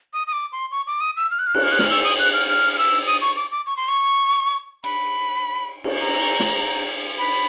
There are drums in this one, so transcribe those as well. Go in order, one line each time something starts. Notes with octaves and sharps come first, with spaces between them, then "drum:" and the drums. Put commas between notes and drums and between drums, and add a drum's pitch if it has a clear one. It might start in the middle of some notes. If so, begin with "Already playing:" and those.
D#6
D#6
D6
C6
C#6
D6
D#6
E6
F6
F#6
F6
F#6, drum: cymbal
F6
F#6
F6, drum: snare
E6
D#6
F#6
F6
F6
F6
E6
D#6
C#6
D6
D6
C#6
C6
C#6
B5, drum: cymbal
drum: cymbal
A#5
drum: snare
B5